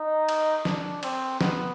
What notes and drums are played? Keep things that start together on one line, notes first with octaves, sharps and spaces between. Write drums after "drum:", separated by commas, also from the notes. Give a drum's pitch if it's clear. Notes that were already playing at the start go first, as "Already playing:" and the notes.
Already playing: D#4
drum: cymbal
D4, drum: snare
C4, drum: cymbal
B3, drum: snare